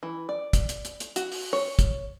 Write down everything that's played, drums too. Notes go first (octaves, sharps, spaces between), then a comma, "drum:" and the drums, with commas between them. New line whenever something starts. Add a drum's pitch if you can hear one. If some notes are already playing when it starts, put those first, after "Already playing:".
E3
D5
drum: kick, hi-hat
drum: hi-hat
drum: hi-hat
drum: hi-hat
F#4, drum: hi-hat
drum: open hi-hat
C#5
drum: kick, hi-hat